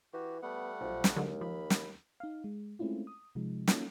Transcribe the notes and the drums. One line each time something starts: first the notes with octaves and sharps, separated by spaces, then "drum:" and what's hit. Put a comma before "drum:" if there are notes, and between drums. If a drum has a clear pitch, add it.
E3 F#4 G4
G3 A3 B3 F#5
B1 F3
drum: snare
D#2 D3 F#3 G#3
F3 B5
drum: snare
D#4 F5
G#3
G#3 A3 C4 C#4 E4 F4
D#6
C3 F3 G#3 D#4
A#3 C#4 D#4 F4 F#4 A4, drum: snare